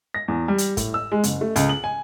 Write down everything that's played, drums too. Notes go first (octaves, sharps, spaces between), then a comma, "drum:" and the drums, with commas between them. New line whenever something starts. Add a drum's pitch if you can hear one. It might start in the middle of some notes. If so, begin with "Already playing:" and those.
A#6
E2
G3
drum: hi-hat
A2, drum: kick, hi-hat
E6
G#3
F#1, drum: hi-hat
A3
C#2, drum: hi-hat
F#7
G#5